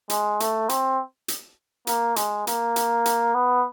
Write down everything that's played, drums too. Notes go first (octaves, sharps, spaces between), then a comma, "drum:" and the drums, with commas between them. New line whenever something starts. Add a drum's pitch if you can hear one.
G#3, drum: hi-hat
A3, drum: hi-hat
C4, drum: hi-hat
drum: hi-hat
A#3, drum: hi-hat
G#3, drum: hi-hat
A#3, drum: hi-hat
drum: hi-hat
drum: hi-hat
B3